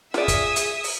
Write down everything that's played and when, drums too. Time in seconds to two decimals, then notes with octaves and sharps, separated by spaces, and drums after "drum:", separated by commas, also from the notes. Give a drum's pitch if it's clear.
0.14 F4 G#4 D5 E5 D#6, drum: snare
0.28 drum: kick, hi-hat
0.56 drum: hi-hat
0.84 drum: open hi-hat